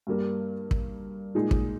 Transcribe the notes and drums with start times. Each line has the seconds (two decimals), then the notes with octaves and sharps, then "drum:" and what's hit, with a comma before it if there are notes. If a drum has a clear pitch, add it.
0.07 G2 G3 A#3
0.71 drum: kick
1.35 A#2 G#3 D#4 G#4
1.51 drum: kick